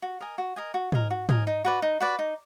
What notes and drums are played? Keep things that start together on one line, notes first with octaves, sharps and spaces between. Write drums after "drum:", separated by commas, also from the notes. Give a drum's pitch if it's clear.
F#4
A#4 D#5 G#5
F#4
A#4 D#5 G#5
F#4
A#4 D#5 G#5, drum: tom
F#4
A#4 D#5 G#5, drum: tom
D#4
F#4 B4 D5
D#4
F#4 B4 D5
D#4